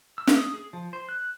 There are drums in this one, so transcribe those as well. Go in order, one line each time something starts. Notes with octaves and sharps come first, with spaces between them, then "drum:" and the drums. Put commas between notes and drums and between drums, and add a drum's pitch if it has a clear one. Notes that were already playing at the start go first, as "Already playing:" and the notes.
E6
drum: snare
D#6
G#4
F3
C5
F#6